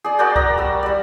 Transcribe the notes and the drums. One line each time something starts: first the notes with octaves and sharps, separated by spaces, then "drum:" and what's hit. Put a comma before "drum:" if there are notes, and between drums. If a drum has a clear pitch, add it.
G#4 D5
F#4 A#4 D5 G5
A#5, drum: kick C2
G3 E6
G3 D5